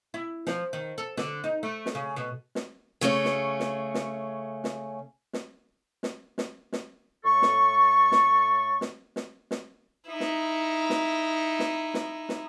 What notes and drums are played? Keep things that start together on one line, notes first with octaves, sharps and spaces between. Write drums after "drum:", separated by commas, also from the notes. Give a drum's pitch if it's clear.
E4
F3, drum: snare
D#3
A4
D3, drum: snare
D#4
A3
drum: snare
C#3
B2
drum: snare
C#3 A3 C#4 G#4
drum: snare
drum: snare
drum: snare
drum: snare
drum: snare
drum: snare
drum: snare
drum: snare
A2 A4 C#6
drum: snare
drum: snare
drum: snare
drum: snare
drum: snare
D#4 E4
drum: snare
drum: snare
drum: snare
drum: snare
drum: snare